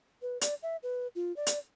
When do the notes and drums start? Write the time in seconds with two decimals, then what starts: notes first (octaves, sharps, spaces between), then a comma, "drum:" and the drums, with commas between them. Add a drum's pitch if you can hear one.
0.22 B4
0.41 D5, drum: hi-hat
0.63 E5
0.83 B4
1.15 F4
1.36 D5
1.47 drum: hi-hat